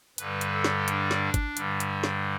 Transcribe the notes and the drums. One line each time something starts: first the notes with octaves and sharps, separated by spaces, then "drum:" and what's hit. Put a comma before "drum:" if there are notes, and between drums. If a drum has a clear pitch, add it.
G2 D3 G3 B4, drum: hi-hat
drum: hi-hat
A4
drum: snare
D4, drum: hi-hat
drum: snare
drum: kick, hi-hat
G2 D3 G3, drum: hi-hat
drum: hi-hat
drum: snare